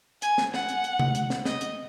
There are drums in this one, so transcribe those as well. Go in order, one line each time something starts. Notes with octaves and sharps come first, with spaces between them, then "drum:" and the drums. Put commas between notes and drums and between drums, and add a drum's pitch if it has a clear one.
G#5, drum: hi-hat
drum: snare
F#5, drum: snare
drum: hi-hat
drum: hi-hat
drum: tom C3
drum: hi-hat
drum: snare
D#5, drum: snare
drum: hi-hat